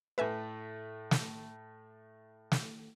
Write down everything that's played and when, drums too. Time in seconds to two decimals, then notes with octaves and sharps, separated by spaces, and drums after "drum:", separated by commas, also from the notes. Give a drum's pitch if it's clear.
0.18 A2 A3 B4 E5 G#5
1.11 drum: snare
2.52 drum: snare